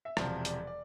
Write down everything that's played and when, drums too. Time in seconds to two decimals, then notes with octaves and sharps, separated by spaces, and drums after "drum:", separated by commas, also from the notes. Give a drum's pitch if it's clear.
0.05 E5
0.17 E1 E2 C3 F3 D5, drum: rim click
0.45 D5, drum: hi-hat
0.67 D5